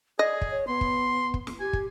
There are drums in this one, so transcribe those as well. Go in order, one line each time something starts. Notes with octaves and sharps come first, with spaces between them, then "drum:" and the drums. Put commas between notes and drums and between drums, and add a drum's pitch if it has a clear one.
G#4 D5 D#5
drum: kick
C#5
B3 C6
drum: kick
drum: kick
drum: snare
G4 G#5
drum: kick